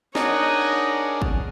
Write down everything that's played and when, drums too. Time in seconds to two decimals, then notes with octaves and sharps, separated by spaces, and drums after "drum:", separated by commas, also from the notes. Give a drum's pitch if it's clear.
0.15 D4 D#4 G#4 A#4 C#5 D#5 F#5, drum: snare
1.22 drum: kick